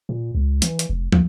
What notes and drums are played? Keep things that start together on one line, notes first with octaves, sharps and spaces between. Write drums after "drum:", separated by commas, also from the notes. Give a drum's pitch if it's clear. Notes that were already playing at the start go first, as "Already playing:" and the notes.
A#2
C#2
E3, drum: hi-hat
drum: hi-hat
F1
D#2, drum: tom